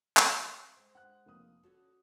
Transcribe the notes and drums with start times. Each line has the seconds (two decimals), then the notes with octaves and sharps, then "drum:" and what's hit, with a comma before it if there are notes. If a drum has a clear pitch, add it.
0.17 drum: clap
0.77 G#3 C5
0.95 F#5 F#6
1.26 F1 A#3 D#6
1.63 D3 C#4 F#4 A4